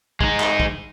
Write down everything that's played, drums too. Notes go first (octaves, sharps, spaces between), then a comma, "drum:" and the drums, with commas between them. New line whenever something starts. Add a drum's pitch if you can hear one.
G#3 D#4, drum: kick
drum: clap
drum: kick